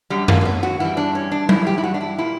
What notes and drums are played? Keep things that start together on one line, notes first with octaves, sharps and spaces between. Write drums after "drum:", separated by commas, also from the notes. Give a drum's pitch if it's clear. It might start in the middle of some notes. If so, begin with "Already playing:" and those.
F#2 D3 F#3 G3
A#3, drum: tom F#2
A#3
B3
F#4
G2 E3 G3 E4
D4
C#4
D4
G2 E3 G3 E4, drum: tom F#3
G4
E4
F#4
D4
E4
A#2 G3 E4